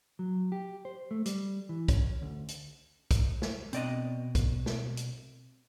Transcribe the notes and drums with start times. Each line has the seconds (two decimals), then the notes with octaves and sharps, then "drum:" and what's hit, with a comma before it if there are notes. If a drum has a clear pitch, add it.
0.19 F#3
0.52 G4
0.85 C5
1.11 A3
1.26 G3, drum: hi-hat
1.69 E3
1.88 C#4, drum: kick, hi-hat
2.22 D2
2.48 drum: hi-hat
3.11 drum: kick, hi-hat
3.42 drum: snare
3.73 B2 C4 D5 D#5, drum: hi-hat
4.35 drum: kick, hi-hat
4.66 drum: snare
4.97 drum: hi-hat